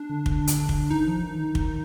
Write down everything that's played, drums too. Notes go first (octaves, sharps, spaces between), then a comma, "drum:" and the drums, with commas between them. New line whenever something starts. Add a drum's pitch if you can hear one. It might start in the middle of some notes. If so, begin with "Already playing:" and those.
Already playing: D4
D3
D3, drum: kick
drum: hi-hat
drum: kick
D#3 D#4
F3
D#3
D#3
D#3, drum: kick